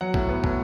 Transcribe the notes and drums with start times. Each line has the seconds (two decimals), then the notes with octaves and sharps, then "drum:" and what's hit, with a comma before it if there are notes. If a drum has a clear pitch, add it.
0.01 F#3 F#5
0.14 A2, drum: kick
0.29 B3
0.44 A2, drum: kick